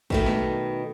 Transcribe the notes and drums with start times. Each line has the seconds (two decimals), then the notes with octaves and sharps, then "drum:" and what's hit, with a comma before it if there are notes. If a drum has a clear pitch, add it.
0.10 B2 D#3 A3, drum: kick A1
0.26 drum: snare